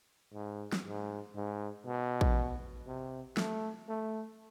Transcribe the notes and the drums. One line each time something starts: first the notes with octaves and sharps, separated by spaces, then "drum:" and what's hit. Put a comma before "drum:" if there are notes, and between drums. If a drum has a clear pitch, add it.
G#2
drum: snare
G#2
G#2
B2
drum: kick A1
C3
A3, drum: snare
A3